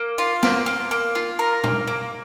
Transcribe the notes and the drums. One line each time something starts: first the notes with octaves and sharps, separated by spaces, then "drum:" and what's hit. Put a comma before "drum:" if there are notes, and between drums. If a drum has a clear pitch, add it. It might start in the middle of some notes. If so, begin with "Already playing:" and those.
Already playing: A#3
F4
A#3, drum: snare
A#3
A#3
F4
A#4
A#3, drum: tom A#2
A#3